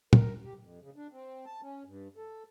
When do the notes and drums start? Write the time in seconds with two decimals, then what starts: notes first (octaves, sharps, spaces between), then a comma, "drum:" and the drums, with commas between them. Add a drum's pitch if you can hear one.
0.13 A#4, drum: tom
0.45 G4
0.59 F2
0.81 C#3
0.96 D4
1.12 C4
1.46 A5
1.62 C#4
1.85 G2
2.17 A4